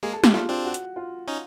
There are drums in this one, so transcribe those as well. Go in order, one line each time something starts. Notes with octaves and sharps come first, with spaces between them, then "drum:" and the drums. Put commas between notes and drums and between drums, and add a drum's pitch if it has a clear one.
G#3 A#3 G#4
A4
G4, drum: snare
G3 A3 F4
C4 D4 F4
F#4
drum: hi-hat
F4
C#4 D#4